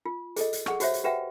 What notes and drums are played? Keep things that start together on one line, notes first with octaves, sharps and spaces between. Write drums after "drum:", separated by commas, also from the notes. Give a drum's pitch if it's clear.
F4
G#4 A4 D#5, drum: hi-hat
drum: hi-hat
G#4 F#5 C#6, drum: rim click
F#4 G4 C5 C#5 E5, drum: hi-hat
drum: hi-hat
F#4 G4 B4 E5 F#5 G5